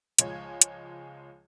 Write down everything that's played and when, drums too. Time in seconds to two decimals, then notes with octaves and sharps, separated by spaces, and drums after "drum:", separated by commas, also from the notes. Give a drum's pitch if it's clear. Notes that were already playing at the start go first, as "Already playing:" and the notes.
0.19 C#2 F3 G#3 C#5 G#6, drum: hi-hat
0.61 drum: hi-hat